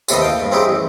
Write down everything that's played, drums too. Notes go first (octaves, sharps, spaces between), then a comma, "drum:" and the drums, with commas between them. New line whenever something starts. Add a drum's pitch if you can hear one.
D#2 A2 C3 A4 B4 D#5, drum: tambourine
F5 G5
G2
C4 C#4 D#4 E4 G4 G#4
A1